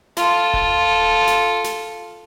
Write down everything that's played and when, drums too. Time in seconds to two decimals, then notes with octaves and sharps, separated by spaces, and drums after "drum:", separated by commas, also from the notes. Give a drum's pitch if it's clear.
0.17 F4 A4, drum: snare
0.54 drum: kick D#1
1.27 drum: snare
1.64 drum: snare